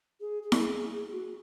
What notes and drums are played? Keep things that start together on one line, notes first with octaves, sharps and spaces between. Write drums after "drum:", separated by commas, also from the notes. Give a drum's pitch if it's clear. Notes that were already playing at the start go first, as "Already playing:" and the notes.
G#4
G#4
A#4, drum: snare E4
G#4
F#4